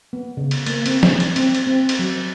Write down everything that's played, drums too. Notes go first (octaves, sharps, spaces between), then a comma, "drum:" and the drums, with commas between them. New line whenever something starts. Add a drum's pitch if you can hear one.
B3
C#3
drum: cymbal
A#3, drum: cymbal
C4, drum: cymbal
drum: snare
drum: cymbal
C4, drum: cymbal
drum: cymbal
C4
drum: cymbal
F#3